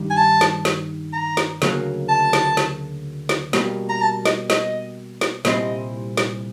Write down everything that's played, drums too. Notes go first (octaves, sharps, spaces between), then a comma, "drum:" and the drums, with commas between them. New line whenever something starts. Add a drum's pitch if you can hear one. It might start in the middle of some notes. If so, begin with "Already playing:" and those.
Already playing: G2 D#3 G3
G#5
A5
drum: snare
drum: snare
A#5
drum: snare
D2 C#3 F#3 A#3, drum: snare
A5
drum: snare
drum: snare
drum: snare
B2 G3 A#3, drum: snare
A#5
A5
D#5, drum: snare
D#5, drum: snare
drum: snare
C2 A#2 G3 C4 E4 D#5, drum: snare
drum: snare